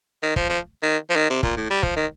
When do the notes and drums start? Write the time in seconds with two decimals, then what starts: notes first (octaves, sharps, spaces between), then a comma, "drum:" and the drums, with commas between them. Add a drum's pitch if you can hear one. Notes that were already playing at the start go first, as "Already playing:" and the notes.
0.23 D#3
0.36 F3, drum: kick
0.49 F3
0.83 D#3
1.10 F3
1.16 D#3
1.30 C3
1.43 A#2, drum: kick
1.57 A2
1.70 G3
1.83 F3, drum: kick
1.96 D#3